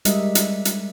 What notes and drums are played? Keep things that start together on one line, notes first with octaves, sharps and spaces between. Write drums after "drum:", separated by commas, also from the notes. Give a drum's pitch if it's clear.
G3 G#3 G4 A#4 D#5 E5, drum: hi-hat
drum: hi-hat
drum: hi-hat